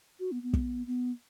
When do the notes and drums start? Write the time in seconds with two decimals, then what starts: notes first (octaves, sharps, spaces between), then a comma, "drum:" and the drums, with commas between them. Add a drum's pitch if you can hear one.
0.20 F#4
0.32 B3
0.43 B3
0.53 drum: kick
0.87 B3